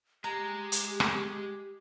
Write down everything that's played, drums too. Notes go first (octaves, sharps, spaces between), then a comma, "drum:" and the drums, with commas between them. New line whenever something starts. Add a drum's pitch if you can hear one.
G#3 G4 A#5
drum: hi-hat
drum: rim click